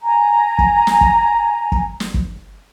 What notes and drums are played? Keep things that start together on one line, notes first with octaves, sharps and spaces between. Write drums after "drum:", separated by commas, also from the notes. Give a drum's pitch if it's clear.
G#5 A#5
drum: kick
drum: snare
drum: kick
drum: kick
drum: snare
drum: kick